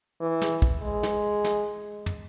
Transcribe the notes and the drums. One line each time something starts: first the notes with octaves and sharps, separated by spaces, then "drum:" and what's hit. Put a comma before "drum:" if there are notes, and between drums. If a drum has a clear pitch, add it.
E3
drum: snare
drum: kick
G#3
drum: snare
drum: snare
drum: tom